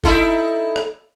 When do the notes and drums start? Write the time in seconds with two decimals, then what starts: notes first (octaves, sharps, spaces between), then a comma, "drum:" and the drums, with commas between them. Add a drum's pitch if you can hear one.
0.04 D#4 E4 A4, drum: kick F#1
0.76 drum: rim click